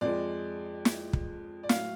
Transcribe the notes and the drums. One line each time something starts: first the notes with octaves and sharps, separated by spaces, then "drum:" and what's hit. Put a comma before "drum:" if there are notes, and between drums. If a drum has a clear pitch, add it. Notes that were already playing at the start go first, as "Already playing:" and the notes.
F2 F3 G#3 D5
drum: snare
drum: kick
D5
A2 F#3 F5, drum: snare